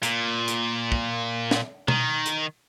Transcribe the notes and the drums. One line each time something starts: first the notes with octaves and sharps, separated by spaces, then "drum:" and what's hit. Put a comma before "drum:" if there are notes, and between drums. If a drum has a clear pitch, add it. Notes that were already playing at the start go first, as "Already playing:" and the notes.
A#2, drum: hi-hat
drum: hi-hat
drum: kick
drum: snare
D#3, drum: tom B2
drum: hi-hat